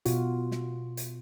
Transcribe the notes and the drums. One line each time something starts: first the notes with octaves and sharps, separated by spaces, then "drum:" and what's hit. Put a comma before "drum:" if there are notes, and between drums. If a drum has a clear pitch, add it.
B2 F4 F#4, drum: hi-hat
drum: snare
drum: hi-hat